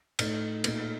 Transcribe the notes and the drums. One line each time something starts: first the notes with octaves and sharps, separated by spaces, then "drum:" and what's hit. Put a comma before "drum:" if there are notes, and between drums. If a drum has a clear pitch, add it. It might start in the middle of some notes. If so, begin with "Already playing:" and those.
A2 A3 D#4, drum: cymbal
A#2 A3 D#4, drum: cymbal